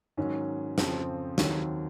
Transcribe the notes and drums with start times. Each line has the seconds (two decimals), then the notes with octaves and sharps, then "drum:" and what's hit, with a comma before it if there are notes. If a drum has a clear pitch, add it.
0.17 G#2 D#3 F#3 C#4
0.78 F2 C#3 F3 C4, drum: snare
1.38 D#2 D#3 F#3, drum: snare